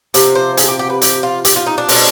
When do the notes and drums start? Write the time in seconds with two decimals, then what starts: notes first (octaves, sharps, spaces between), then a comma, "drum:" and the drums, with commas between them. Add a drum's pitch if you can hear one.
0.14 C3 F3, drum: hi-hat
0.35 C5
0.57 G#4, drum: hi-hat
0.68 G4
0.79 G4
0.90 B4
1.02 G4, drum: hi-hat
1.23 F4
1.45 G4, drum: hi-hat
1.56 F4
1.66 D#4
1.78 D4
1.89 B2 G#3 C4, drum: open hi-hat